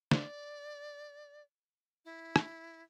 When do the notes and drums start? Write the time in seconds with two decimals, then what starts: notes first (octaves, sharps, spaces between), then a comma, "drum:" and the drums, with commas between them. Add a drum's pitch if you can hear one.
0.11 D5, drum: snare
2.05 E4
2.36 drum: rim click